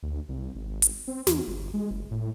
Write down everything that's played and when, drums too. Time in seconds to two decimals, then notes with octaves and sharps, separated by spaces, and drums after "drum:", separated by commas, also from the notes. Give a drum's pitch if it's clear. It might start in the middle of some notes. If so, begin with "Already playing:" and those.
0.03 D2
0.29 C2
0.55 G#1
0.82 drum: hi-hat
1.08 C4
1.27 E2, drum: snare
1.47 G1
1.74 G#3
1.91 F#1
2.11 A2